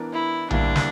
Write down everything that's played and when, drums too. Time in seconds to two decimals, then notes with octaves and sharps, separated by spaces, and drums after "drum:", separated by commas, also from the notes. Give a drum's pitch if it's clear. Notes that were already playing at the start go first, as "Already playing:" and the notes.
Already playing: E3 B3 D4 A#4 D5
0.13 E4
0.51 D2 D3 G3 A#3 D4 E4, drum: tom A#1
0.76 drum: snare